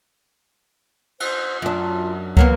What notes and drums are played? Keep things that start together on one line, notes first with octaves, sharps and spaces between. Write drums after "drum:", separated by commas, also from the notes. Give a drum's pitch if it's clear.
C5, drum: cymbal
F#2 D4 F4
F#3 A#3 B3 F#5, drum: kick